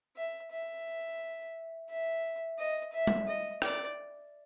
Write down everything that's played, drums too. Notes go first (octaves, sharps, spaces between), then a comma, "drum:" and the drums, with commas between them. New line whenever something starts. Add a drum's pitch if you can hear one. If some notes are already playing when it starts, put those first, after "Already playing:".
E5
E5
E5
D#5
E5
drum: tom G3
D#5
D5, drum: rim click